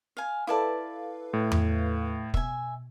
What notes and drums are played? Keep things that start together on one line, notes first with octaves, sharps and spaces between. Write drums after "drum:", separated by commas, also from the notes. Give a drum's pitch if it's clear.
F5 G#5
E4 A4 B4 D5 F5 A5
A2
drum: tom E2
B2 E5 G#5, drum: kick